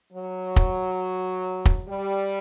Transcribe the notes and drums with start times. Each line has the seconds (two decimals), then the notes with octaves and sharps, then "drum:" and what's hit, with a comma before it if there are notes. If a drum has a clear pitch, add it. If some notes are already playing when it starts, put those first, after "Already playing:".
0.12 F#3
0.56 drum: kick
1.65 drum: kick
1.88 G3